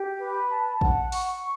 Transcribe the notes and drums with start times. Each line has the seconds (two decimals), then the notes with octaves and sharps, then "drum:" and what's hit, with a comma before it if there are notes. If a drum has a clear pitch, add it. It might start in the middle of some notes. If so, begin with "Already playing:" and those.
Already playing: G4
0.19 B4
0.50 A5
0.81 F#5, drum: kick A1
1.12 C#6, drum: open hi-hat